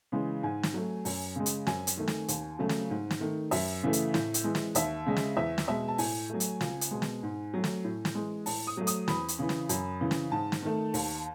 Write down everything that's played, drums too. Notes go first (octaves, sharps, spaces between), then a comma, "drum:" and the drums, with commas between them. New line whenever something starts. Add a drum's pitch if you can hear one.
C#3 E3 G#3
G#2 G#5
drum: snare
F#3 A3
F#2, drum: open hi-hat
C#3 G#3
drum: hi-hat
F#2 G#5, drum: snare
drum: hi-hat
D#3 A3
drum: snare
D#2, drum: hi-hat
C#3 F#3 A3
drum: snare
G#2
drum: snare
D#3 A3
F#2 E5, drum: open hi-hat
C#3 E3 A3
drum: hi-hat
A2, drum: snare
drum: hi-hat
E3 G#3
drum: snare
D#2 E5, drum: hi-hat
C#3 G#3
drum: snare
E2 E5
drum: snare
B2 G#3 E5
A5
A2 G#5, drum: open hi-hat
F#3 A3
drum: hi-hat
C#2, drum: snare
drum: hi-hat
B2 G#3
drum: snare
G#2
F#3 A3
drum: snare
A2
drum: snare
E3 G#3
A2 A5, drum: open hi-hat
D#6
F#3 A3
D#6, drum: hi-hat
E2 B5, drum: snare
drum: hi-hat
C#3 E3
drum: snare
F#2, drum: hi-hat
C#3 E3
drum: snare
G#2 A5
drum: snare
D#3 A3
D#2, drum: open hi-hat